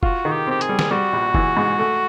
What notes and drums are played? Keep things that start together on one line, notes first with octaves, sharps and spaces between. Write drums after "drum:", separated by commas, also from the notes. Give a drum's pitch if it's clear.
F4 F#4, drum: kick F1
D#3
G4
C4 G4
G#4, drum: hi-hat
G3
drum: snare
G3 F#4
A#1
E3, drum: kick F1
G#2
A3